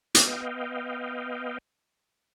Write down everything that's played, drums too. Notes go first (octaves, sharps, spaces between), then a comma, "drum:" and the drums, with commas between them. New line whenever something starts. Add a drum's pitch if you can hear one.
B3 D#5 F5 G5, drum: hi-hat